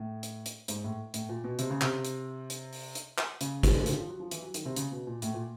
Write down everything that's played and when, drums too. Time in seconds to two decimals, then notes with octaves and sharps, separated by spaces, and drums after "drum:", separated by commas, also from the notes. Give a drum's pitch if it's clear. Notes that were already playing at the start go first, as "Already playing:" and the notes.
Already playing: A2
0.23 drum: hi-hat
0.46 drum: hi-hat
0.68 G#2, drum: hi-hat
0.84 A2
1.14 A2, drum: hi-hat
1.29 A#2
1.44 B2
1.59 C3, drum: hi-hat
1.70 C#3
1.81 C3, drum: clap
2.05 drum: hi-hat
2.50 drum: hi-hat
2.73 drum: open hi-hat
2.95 drum: hi-hat
3.18 drum: clap
3.41 C#3, drum: hi-hat
3.63 drum: kick, hi-hat
3.75 D3
3.86 D#3, drum: hi-hat
3.98 F3
4.09 F#3
4.20 F3
4.31 E3, drum: hi-hat
4.43 F#3
4.54 D#3, drum: hi-hat
4.65 C3
4.76 C#3, drum: hi-hat
4.92 B2
5.07 A#2
5.22 A2, drum: hi-hat
5.34 A#2